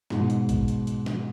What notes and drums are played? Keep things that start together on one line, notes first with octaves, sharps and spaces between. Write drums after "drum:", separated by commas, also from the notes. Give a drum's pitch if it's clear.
G#2 B2, drum: snare
drum: hi-hat
drum: kick A1, hi-hat
drum: hi-hat
drum: hi-hat
drum: snare